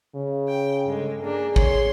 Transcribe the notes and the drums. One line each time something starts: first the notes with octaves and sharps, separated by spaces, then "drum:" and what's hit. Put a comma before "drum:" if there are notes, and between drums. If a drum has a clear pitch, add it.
C#3
G5
G2 D3 G#3
A#3 D4 G#4
C#5 C6, drum: kick G#1